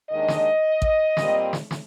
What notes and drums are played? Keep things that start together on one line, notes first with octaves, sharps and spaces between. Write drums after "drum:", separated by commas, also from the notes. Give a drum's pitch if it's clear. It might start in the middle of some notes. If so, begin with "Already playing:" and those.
D#2 D#3 G#3 D4 D#5
drum: snare
drum: kick A1
A#2 G3 C4, drum: snare
drum: snare
drum: snare